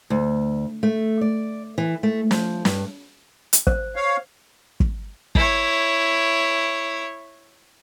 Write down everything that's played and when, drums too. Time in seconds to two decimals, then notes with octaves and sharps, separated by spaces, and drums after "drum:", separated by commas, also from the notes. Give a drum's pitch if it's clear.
0.10 D2
0.83 A3
1.21 D5
1.78 E3
2.03 A3
2.31 F3, drum: snare
2.65 G2, drum: snare
3.53 drum: hi-hat
3.67 C5, drum: kick
3.96 C#5 F5
4.80 drum: kick
5.35 E4 C#5, drum: kick